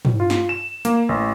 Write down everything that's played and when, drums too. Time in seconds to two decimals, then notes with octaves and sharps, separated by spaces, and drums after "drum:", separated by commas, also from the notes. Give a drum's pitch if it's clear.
0.05 drum: tom
0.20 F4
0.30 drum: snare
0.49 E7
0.85 A#3, drum: hi-hat
1.09 A1